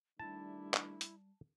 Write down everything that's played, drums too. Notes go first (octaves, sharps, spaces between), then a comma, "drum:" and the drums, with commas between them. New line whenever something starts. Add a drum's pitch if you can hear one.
D#3 G3 A3 D4 E4 A5
drum: clap
drum: hi-hat